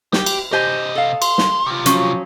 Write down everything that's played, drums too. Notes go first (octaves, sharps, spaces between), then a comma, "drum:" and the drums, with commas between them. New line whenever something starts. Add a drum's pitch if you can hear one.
G4, drum: snare
drum: cymbal
C3 G4 C5 D#5 G#5
A4 F5
C6, drum: cymbal
drum: snare
C3 F4
F3 F#3 C#4, drum: hi-hat